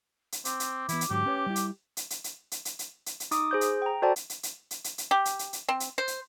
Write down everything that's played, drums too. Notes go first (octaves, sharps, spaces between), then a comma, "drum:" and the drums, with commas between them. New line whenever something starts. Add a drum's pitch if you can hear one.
drum: hi-hat
C4 D6, drum: hi-hat
drum: hi-hat
E3 B3 E4, drum: hi-hat
drum: hi-hat
G#2 D3 F#3 G4
C#4 B4 C#5
G3 E4
drum: hi-hat
drum: hi-hat
drum: hi-hat
drum: hi-hat
drum: hi-hat
drum: hi-hat
drum: hi-hat
drum: hi-hat
drum: hi-hat
D#4 D6 D#6, drum: hi-hat
G#4 C5 G6
drum: hi-hat
G5 A#5
F#4 A4 C5 D5 G5 A5
drum: hi-hat
drum: hi-hat
drum: hi-hat
drum: hi-hat
drum: hi-hat
drum: hi-hat
G4
drum: hi-hat
drum: hi-hat
drum: hi-hat
C4
drum: hi-hat
C5
drum: hi-hat